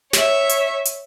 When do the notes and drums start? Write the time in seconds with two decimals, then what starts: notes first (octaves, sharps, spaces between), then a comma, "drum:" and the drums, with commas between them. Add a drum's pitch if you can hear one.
0.13 C#5 E5, drum: snare
0.49 drum: hi-hat
0.85 drum: hi-hat